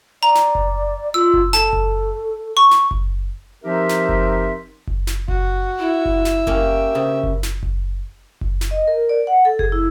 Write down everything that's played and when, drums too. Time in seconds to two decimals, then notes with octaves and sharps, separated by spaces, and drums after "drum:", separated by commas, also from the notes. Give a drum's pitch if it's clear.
0.23 D5 A#5
0.35 drum: snare
0.55 drum: kick F#1
1.14 F4 E6
1.34 drum: kick F#1
1.53 A4 A5, drum: snare
1.73 drum: kick F#1
2.57 C#6
2.71 drum: snare
2.91 drum: kick F#1
3.64 F3 C4 D#4 G4 A#4 E5
3.89 drum: snare
4.09 drum: kick F#1
4.87 drum: kick F#1
5.07 drum: snare
5.28 F#4, drum: kick F#1
5.79 E4 E5
6.05 drum: kick F#1
6.25 drum: snare
6.47 A#3 C#4 G4 A#4, drum: kick F#1
6.95 C#3 C5
7.23 drum: kick F#1
7.43 drum: snare
7.63 drum: kick F#1
8.41 drum: kick F#1
8.61 drum: snare
8.71 D#5
8.87 A#4
9.09 D5
9.27 F#5
9.45 A4
9.59 G#4, drum: kick F#1
9.72 E4